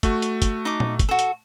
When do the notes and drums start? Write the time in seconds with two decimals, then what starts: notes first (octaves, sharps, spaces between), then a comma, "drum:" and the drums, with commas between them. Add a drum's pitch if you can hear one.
0.03 A3 F#4, drum: kick, hi-hat
0.22 drum: hi-hat
0.42 drum: kick, hi-hat
0.65 D#4 D6
0.80 drum: tom A#2
0.99 drum: kick, hi-hat
1.09 F#4 A4
1.19 drum: hi-hat